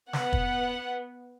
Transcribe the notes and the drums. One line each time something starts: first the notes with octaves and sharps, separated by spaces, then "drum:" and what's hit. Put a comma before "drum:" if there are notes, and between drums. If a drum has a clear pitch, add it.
B3 F#5, drum: snare
drum: kick